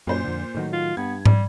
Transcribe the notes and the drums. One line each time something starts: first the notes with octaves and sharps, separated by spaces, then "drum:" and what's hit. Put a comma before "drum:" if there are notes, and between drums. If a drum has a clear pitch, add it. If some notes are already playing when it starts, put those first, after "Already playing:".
F#2 A#2 C#4 C5
F2 D3
A2 D#3 F#3
F4
G2 B3 G#6
G3, drum: tom